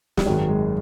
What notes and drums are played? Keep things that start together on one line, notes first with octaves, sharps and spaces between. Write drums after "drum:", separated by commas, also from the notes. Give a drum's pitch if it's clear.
G3, drum: snare
G#1 F#2 D#3 F#3 G#3
G#3